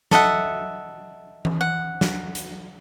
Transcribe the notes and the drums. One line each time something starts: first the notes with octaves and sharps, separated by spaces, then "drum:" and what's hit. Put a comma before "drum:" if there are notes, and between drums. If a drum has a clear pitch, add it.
A4 D#5 E5 F#5, drum: snare
drum: tom E3
F#5
drum: snare
drum: hi-hat